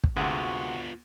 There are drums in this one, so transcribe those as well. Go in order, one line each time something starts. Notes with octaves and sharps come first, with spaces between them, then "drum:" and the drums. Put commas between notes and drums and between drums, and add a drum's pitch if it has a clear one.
drum: kick
D2 C3 G#3 B3 F4 F#4 F#5